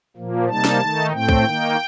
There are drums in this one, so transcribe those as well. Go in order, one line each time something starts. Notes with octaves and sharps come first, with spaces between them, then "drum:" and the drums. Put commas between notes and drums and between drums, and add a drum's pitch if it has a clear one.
A#2 F3 A#3
C3 G3 A#3 D#4 A5
drum: snare
D#3 A3 D#4
A2 A3 C4 G5
drum: kick
D#3 A#3 D#4